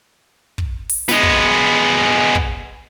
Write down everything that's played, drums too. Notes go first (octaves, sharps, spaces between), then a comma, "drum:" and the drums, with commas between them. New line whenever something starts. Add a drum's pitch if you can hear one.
drum: kick
drum: open hi-hat
G#3 B3, drum: snare
drum: kick
drum: kick